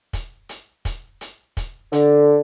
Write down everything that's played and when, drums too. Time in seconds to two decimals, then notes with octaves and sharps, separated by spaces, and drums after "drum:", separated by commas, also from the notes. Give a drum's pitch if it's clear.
0.13 drum: kick, hi-hat
0.49 drum: hi-hat
0.85 drum: kick, hi-hat
1.21 drum: hi-hat
1.57 drum: kick, hi-hat
1.93 D3, drum: hi-hat